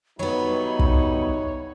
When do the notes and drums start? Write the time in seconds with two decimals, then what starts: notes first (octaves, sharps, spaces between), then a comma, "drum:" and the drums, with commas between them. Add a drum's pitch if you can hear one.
0.19 A2 F#3 G3 B3 D#4 C#5 B5
0.79 drum: kick